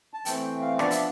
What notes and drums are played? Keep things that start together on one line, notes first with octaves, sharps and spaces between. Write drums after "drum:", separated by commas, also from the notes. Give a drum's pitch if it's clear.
A5
E3 A3 C4 G5, drum: hi-hat
G5
F5
F3 B3 D4 D5, drum: rim click
E5, drum: hi-hat